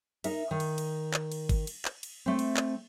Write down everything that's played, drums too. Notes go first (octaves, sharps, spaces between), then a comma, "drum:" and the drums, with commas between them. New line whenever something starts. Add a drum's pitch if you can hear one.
D#4 A#4 E5, drum: cymbal
D#3
drum: cymbal
drum: cymbal
drum: clap
drum: cymbal
drum: kick, cymbal
drum: cymbal
drum: clap
drum: cymbal
A3 C4
drum: cymbal
drum: clap